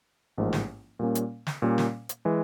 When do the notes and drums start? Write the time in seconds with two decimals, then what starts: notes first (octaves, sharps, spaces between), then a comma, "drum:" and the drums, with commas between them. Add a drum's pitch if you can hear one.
0.38 A1 G#2 F3 A#3
0.53 drum: snare
0.99 A#2 G3 A#3 C#4
1.15 drum: hi-hat
1.47 drum: snare
1.62 A#2 G3 A#3 C#4
1.78 drum: snare
2.09 drum: hi-hat
2.25 E3 G#3